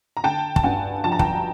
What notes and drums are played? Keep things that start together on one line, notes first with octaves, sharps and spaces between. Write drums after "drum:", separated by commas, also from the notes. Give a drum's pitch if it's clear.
A#5
D3 G5 A5
A5, drum: kick
G2 F#5 G#5
F3 A5
A#5
G5 A5, drum: kick